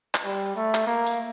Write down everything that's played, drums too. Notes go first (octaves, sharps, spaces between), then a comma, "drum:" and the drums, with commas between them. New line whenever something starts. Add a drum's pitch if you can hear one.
drum: clap
G3
A3
drum: clap
A#3
drum: open hi-hat